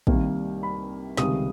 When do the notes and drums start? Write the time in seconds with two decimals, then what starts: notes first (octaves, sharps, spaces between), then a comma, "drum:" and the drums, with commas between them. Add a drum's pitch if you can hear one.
0.07 C2 C3 D#3 G3 A#3, drum: kick
0.63 B5
1.17 C#2 C3 D#3 G3 D#6, drum: snare